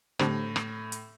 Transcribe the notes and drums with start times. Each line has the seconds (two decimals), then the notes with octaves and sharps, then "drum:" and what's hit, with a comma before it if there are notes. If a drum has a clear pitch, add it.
0.19 A2 D3 G3 C4, drum: rim click
0.56 drum: rim click
0.92 drum: hi-hat